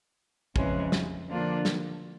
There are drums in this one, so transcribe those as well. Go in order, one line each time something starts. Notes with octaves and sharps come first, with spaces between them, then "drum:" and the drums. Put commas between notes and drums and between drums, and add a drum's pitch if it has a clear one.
F2 C#3 E3 G#3 C#4, drum: kick
drum: snare
D3 F3 A#3 D4 F4
drum: snare